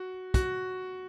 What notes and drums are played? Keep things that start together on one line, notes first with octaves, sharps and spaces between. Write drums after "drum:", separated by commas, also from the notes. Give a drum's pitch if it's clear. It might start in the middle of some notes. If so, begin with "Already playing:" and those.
Already playing: F#4
F#4, drum: kick, hi-hat